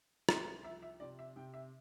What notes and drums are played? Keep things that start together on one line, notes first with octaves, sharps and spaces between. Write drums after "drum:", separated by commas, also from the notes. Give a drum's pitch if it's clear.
C2 C6, drum: rim click
F3 E5
E5
C3 D5
E5
C3 G5
E5